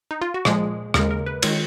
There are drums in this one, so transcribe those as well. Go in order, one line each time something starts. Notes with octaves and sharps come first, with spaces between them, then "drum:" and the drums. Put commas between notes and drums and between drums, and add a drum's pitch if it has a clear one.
D#4
F4
F#4
A#2 F3 G#3 G#4, drum: rim click
D#2 C#3 G#3 A#4, drum: rim click
A#4
B4
D#3 G#3 C#5, drum: cymbal